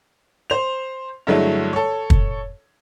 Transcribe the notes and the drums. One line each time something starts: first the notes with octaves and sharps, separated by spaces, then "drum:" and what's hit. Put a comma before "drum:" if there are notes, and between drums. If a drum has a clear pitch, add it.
C5 F7
G2 D3 F#3 G#3 A3 E4
A4 C#5
drum: kick